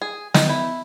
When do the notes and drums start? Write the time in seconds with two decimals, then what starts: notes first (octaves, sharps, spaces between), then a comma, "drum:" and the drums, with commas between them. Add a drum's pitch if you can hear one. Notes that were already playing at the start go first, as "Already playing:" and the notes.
0.02 G#4
0.34 D#4, drum: snare
0.50 E4